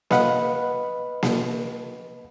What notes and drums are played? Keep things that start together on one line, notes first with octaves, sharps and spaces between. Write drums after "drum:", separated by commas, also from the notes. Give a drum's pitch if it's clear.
B4 D#5 F5 F#5 B5, drum: snare A#3
drum: snare A#3